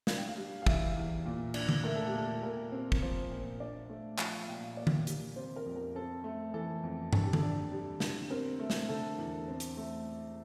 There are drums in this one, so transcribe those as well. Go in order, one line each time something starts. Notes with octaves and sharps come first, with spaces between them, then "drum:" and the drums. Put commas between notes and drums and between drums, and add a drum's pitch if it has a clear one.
D4 F5, drum: snare
G5
F5
G3
F5
E3 E5, drum: kick
E2
A#2
D4, drum: cymbal
drum: tom D3
A3 A#4
A4
G4
A#2 A4
A#2 A#4
C4
drum: kick
F3 C5
A#2
D4 D5
A3
F3 E5, drum: clap
F5
A#2 G5
F5
A#3 D5
drum: tom D3
G3, drum: hi-hat
C3 C5
A#4
F2
A#4
C4 A4
A3
E3 A4
F2
D3 A4, drum: tom
G4
A4, drum: tom D3
D4
G3
D3, drum: snare
C4 A#4
A3
drum: snare
D3 A4
E2
C4
drum: hi-hat
A3